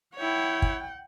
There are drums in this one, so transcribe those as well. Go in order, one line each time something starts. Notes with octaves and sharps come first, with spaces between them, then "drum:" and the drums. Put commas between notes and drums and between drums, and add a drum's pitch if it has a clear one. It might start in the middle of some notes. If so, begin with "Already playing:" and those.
E4 C#5 F#5 G5
drum: kick